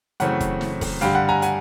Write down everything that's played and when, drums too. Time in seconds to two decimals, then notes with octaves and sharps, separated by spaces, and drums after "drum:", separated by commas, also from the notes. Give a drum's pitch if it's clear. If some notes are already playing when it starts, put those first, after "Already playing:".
0.20 F#2 C#3 E3 A3 C4 F#5, drum: hi-hat
0.40 drum: kick, hi-hat
0.61 drum: snare
0.81 drum: kick, open hi-hat
1.01 G2 D3 G3 F5 G5, drum: hi-hat
1.15 F#5
1.29 G#5 A#5
1.42 F#5 G#5, drum: hi-hat